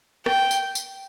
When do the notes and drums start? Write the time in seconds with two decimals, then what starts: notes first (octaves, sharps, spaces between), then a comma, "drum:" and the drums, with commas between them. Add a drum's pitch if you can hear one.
0.26 G5, drum: rim click
0.51 drum: tambourine
0.75 drum: tambourine